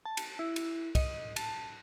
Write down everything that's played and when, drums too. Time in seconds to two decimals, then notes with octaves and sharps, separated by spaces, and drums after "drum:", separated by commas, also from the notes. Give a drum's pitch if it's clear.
0.05 A5
0.17 drum: cymbal
0.39 E4
0.56 drum: cymbal
0.95 D#5, drum: kick, cymbal
1.36 A5, drum: cymbal